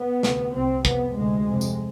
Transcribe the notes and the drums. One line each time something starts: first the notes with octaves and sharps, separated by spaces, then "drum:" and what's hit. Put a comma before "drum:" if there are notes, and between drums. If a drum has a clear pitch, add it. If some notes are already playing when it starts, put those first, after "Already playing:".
Already playing: B3
D2 C3, drum: snare
C2 C3 C4
F2 C3 B3, drum: kick
D2 C3 G#3
F2 C3
drum: tambourine